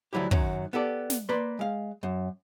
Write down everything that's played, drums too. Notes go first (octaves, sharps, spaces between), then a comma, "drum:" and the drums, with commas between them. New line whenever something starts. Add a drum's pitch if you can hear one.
D2 F3 F#3 E4 G4
F#2 D#3 F#3 C#4, drum: kick
B3 G4 A4 D5
drum: snare
A#3 B4 D5 C6
G#3 F5
F#2